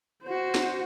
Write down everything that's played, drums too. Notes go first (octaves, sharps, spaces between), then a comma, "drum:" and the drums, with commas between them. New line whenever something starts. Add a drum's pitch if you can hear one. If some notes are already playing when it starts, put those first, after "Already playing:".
F#4 C5
drum: snare